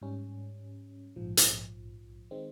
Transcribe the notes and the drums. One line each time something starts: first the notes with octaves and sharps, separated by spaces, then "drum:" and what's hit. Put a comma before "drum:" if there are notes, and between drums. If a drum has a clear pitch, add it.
G#2 G3 C#4
A#1 G#2 F3
drum: hi-hat
D#3 G#3 C4